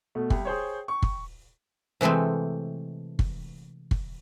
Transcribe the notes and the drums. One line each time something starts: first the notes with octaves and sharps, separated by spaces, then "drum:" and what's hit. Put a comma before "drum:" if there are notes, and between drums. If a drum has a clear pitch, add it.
B2 A3
C2 G5, drum: kick
G#4 C5 C#5
C#6
drum: kick
C3 E3 G#3 A3 C4
drum: kick
drum: kick